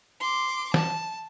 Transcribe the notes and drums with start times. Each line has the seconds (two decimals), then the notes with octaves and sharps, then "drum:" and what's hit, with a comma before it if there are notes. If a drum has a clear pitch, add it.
0.20 C6 D6
0.74 A5, drum: snare